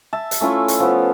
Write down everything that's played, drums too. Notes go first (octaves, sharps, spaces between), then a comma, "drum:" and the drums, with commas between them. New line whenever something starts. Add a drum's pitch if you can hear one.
E5 A5
drum: hi-hat
A3 C#4 E4 F4
drum: hi-hat
F3 B3